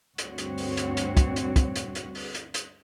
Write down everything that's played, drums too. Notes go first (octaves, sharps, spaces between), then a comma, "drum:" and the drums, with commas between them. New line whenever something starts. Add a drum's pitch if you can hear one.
D2 G2 C4 F#4 C#5, drum: hi-hat
drum: hi-hat
drum: open hi-hat
drum: hi-hat
drum: hi-hat
drum: kick, hi-hat
drum: hi-hat
drum: kick, hi-hat
drum: hi-hat
drum: hi-hat
drum: open hi-hat
drum: hi-hat
drum: hi-hat